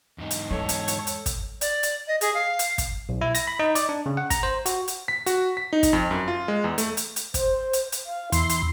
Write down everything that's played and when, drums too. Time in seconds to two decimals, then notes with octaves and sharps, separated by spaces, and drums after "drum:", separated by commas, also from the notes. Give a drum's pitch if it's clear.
0.18 E2 G#2 D#4
0.31 drum: hi-hat
0.51 G#3 A4 C#5
0.69 drum: hi-hat
0.88 drum: hi-hat
1.07 drum: hi-hat
1.26 drum: kick, hi-hat
1.61 D5, drum: hi-hat
1.83 drum: hi-hat
2.08 D#5
2.21 G#4, drum: hi-hat
2.34 F5
2.59 drum: hi-hat
2.78 drum: kick, hi-hat
3.09 B1
3.21 E4
3.35 A#6, drum: hi-hat
3.47 B5
3.59 D#4
3.75 D5, drum: hi-hat
3.89 D4
4.06 C#3
4.17 F#5
4.30 A#5, drum: kick, hi-hat
4.43 C5
4.66 F#4, drum: hi-hat
4.88 drum: hi-hat
5.08 B6
5.26 F#4, drum: hi-hat
5.57 B6
5.73 D#4
5.83 drum: kick, hi-hat
5.93 F2
6.11 F#2
6.28 F4
6.48 G#3
6.64 E2
6.78 A3, drum: hi-hat
6.97 drum: hi-hat
7.16 drum: hi-hat
7.34 C5, drum: kick, hi-hat
7.73 drum: hi-hat
7.92 drum: hi-hat
8.06 F5
8.32 E2 E4 C6, drum: hi-hat
8.49 drum: hi-hat